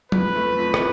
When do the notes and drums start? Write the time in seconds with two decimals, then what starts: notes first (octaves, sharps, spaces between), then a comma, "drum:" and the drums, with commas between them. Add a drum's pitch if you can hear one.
0.12 F2 B4, drum: tom
0.35 A3
0.58 F2
0.74 drum: rim click